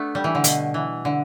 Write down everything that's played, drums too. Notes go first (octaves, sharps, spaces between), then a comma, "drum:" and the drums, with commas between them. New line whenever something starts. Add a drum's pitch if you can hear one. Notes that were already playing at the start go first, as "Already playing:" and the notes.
Already playing: A3 B3 D4
G3
E3
D3
B2, drum: hi-hat
E3
D3